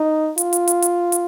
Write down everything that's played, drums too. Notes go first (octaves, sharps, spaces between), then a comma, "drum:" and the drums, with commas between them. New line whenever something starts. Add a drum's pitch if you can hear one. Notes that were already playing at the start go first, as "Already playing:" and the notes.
Already playing: D#4
F4, drum: hi-hat
drum: hi-hat
drum: hi-hat
drum: hi-hat
drum: hi-hat